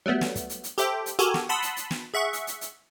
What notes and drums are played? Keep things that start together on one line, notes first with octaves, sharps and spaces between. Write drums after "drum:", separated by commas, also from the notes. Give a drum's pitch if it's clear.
F#3 G3 A3 B3
drum: snare
drum: kick, hi-hat
drum: hi-hat
drum: hi-hat
G4 A4 C5 E5 G5, drum: hi-hat
drum: hi-hat
F#4 G4 A4 A#4 G#5, drum: hi-hat
drum: snare
F#5 A5 B5 C6 D#6 E6
drum: hi-hat
drum: hi-hat
drum: snare
G#4 E5 F#5 C#6
drum: hi-hat
drum: hi-hat
drum: hi-hat